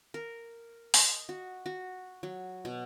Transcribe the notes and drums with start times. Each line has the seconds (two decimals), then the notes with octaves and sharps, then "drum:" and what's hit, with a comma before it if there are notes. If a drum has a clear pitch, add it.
0.14 A#4
0.94 D#5, drum: open hi-hat
1.29 F#4
1.66 F#4
2.23 F#3
2.65 B2